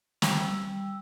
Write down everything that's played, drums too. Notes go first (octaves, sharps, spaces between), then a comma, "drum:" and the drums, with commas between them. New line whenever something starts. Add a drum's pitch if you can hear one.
G3 G5 E6, drum: snare